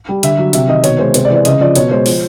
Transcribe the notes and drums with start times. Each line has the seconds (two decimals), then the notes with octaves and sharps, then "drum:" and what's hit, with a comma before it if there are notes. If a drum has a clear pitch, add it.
0.09 G3
0.23 D3 E5, drum: hi-hat
0.38 F#3
0.53 C3 E5, drum: hi-hat
0.68 D#3 D#5
0.84 B2 C#5, drum: hi-hat
0.99 G#3 C5
1.14 C3 C5, drum: hi-hat
1.25 D5
1.30 E3
1.36 D5
1.45 C#3 D#5, drum: hi-hat
1.61 F3 D5
1.75 B2 C#5, drum: hi-hat
1.91 G#3 C5
2.06 F3, drum: open hi-hat